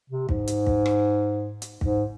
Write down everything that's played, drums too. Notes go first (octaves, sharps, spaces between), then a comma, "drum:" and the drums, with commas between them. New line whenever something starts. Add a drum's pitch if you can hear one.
C3
G#2, drum: kick
drum: hi-hat
drum: kick
drum: rim click
drum: hi-hat
G#2, drum: kick